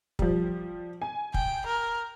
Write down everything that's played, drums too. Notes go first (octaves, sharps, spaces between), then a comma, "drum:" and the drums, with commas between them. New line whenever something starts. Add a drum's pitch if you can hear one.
F3 G3, drum: kick
G#5
G5, drum: kick
A#4